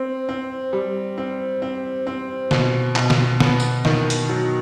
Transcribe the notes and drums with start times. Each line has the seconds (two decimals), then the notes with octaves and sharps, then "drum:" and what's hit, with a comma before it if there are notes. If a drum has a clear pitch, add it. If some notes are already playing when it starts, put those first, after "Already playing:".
Already playing: C4
0.29 C4
0.73 G3
1.18 C4
1.62 C4
2.07 C4
2.51 B2, drum: snare
2.96 B2, drum: clap
3.10 drum: snare
3.40 B3, drum: snare
3.60 drum: tambourine
3.85 D#3, drum: snare
4.10 drum: hi-hat
4.29 F#3